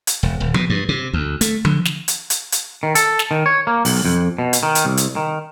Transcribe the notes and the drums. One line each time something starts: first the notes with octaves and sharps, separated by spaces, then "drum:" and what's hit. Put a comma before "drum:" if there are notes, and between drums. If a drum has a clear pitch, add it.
drum: hi-hat
E1
D#1
B2, drum: tom F3
G2
C3
D2
A3, drum: hi-hat
D3, drum: tom F3
drum: snare
drum: hi-hat
drum: hi-hat
drum: hi-hat
D#3
A4, drum: hi-hat
drum: snare
D#3
C#5
A#3
B1, drum: open hi-hat
F2
B2
drum: hi-hat
D#3
drum: hi-hat
C2
drum: hi-hat
D#3